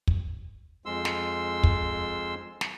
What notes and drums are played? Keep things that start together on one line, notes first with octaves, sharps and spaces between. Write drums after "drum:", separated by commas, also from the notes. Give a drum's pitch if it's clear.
drum: kick
F2 G#3 C6 E6
drum: snare
drum: kick
drum: snare